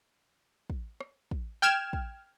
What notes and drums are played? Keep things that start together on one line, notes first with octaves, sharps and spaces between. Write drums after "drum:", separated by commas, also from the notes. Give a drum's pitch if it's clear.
drum: kick
drum: rim click
drum: kick
G5 F6 G#6 E7
drum: kick